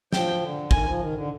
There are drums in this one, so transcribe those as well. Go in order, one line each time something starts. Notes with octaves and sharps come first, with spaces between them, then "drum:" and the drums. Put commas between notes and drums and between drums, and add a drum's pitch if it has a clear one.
F3 G5, drum: snare
D3
D#3 G#5, drum: kick
F3
D#3
D3